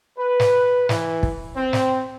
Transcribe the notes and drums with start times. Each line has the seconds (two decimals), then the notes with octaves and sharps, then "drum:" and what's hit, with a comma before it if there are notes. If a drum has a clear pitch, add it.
0.17 B4
0.40 drum: snare
0.89 E3, drum: snare
1.23 drum: kick
1.56 C4
1.73 drum: snare